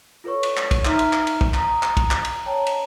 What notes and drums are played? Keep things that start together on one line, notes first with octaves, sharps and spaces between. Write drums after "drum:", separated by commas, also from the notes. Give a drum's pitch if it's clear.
F4 A4 B4 C#5 C#6
drum: cymbal
drum: clap
drum: kick, cymbal
D#4 E5 A#5 F6 B6, drum: clap
drum: cymbal
drum: clap
drum: cymbal
drum: kick
A#5 D#6, drum: clap
drum: clap
drum: kick, cymbal
drum: clap
drum: cymbal
C#5 G5 A5 A#5
drum: cymbal